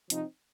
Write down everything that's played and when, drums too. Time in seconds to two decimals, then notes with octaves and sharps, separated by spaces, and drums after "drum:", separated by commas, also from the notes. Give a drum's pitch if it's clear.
0.10 C3 F3 C4 D#4, drum: hi-hat